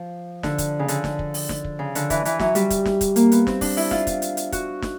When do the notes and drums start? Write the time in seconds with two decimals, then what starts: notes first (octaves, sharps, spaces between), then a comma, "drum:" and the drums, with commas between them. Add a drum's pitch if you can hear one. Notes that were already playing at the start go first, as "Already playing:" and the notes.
Already playing: F3
0.43 D3, drum: snare
0.58 drum: kick, hi-hat
0.79 C#3
0.88 D3, drum: hi-hat
1.04 drum: snare
1.19 drum: kick
1.34 drum: open hi-hat
1.49 drum: snare
1.64 drum: kick
1.79 C#3
1.95 D3, drum: hi-hat
2.10 E3, drum: kick, hi-hat
2.25 E3, drum: hi-hat
2.39 F#3, drum: snare
2.55 G3, drum: hi-hat
2.70 drum: kick, hi-hat
2.86 drum: snare
3.01 drum: kick, hi-hat
3.16 A#3, drum: hi-hat
3.32 B3, drum: hi-hat
3.47 C4, drum: snare
3.61 D4, drum: kick, open hi-hat
3.77 E4, drum: open hi-hat
3.91 F4, drum: snare
4.07 drum: kick, hi-hat
4.22 drum: hi-hat
4.37 drum: hi-hat
4.52 F#4, drum: kick, hi-hat
4.82 drum: snare